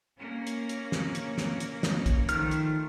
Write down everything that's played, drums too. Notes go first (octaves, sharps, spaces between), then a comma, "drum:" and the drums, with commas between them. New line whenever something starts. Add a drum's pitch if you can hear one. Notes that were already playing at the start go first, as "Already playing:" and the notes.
A#3 C#4
drum: hi-hat
drum: hi-hat
drum: snare
drum: hi-hat
drum: snare
drum: hi-hat
drum: snare
drum: kick, hi-hat
D#3 F3 A3 F6, drum: hi-hat
drum: hi-hat